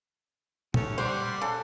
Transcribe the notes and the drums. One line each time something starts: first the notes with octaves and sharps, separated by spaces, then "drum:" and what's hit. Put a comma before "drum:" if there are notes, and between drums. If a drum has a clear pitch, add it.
D#2 A3 C#4, drum: tom A#2
G3 C5 D5 F#5 C6
C#3 A4